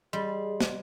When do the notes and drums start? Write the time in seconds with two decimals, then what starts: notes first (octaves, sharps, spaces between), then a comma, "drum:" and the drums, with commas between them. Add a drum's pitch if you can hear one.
0.13 G3 G#4 D#5 C6
0.61 drum: snare